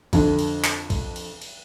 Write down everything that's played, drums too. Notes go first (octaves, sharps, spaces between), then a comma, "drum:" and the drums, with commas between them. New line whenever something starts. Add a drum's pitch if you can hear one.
F2 D3, drum: kick A#1, cymbal
drum: cymbal
drum: clap
drum: kick A#1, cymbal
drum: cymbal
drum: cymbal